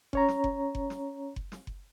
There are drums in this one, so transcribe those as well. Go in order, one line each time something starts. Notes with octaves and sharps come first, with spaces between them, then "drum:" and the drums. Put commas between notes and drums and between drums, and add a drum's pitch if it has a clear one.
C#4 C#5 A#5, drum: kick F#1
drum: snare
drum: kick F#1
drum: kick F#1
drum: snare
drum: kick F#1
drum: snare
drum: kick F#1